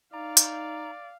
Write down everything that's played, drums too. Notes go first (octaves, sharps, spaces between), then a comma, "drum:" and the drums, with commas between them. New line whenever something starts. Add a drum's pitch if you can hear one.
D#4 D5 F5 A#5
drum: hi-hat